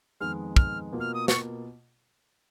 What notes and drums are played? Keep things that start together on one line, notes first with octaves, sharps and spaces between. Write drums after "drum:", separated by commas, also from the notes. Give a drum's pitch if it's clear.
F2 D#3 G#3 B3 F6
F6, drum: kick
B2 A#3 F4
F6
D#6
C#6, drum: snare